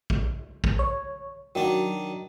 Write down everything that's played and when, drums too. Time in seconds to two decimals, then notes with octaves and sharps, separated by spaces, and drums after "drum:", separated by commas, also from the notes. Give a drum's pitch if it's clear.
0.10 drum: kick
0.64 drum: kick
0.79 C#5
1.55 D#3 F#3 D4